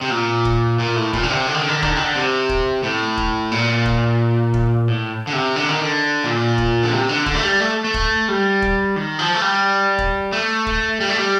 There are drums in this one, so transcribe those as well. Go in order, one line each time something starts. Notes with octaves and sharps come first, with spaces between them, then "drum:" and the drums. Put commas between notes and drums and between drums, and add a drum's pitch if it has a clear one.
C3
A#2
drum: kick
A#2
A2
A#2, drum: kick
D3
C3
D3
D#3
D3
D#3
D3
D#3, drum: kick
D3
D#3
D3
C3
drum: kick
A2
drum: kick
A#2
drum: kick
drum: kick
A2
D3
C3
D3
D#3
D3
A#2
drum: kick
D3
C3
D3
D3, drum: kick
A3
G3
A3
A3
drum: kick
G3
drum: kick
D#3
F3
A3
G3
drum: kick
A3
drum: kick
G3
A3
G3